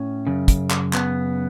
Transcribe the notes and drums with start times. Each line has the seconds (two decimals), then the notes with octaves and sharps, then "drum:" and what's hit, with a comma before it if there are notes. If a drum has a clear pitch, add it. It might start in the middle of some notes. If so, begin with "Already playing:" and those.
Already playing: A2 C#4
0.27 F#2 C#3
0.48 drum: kick, hi-hat
0.70 drum: clap
0.93 B3, drum: clap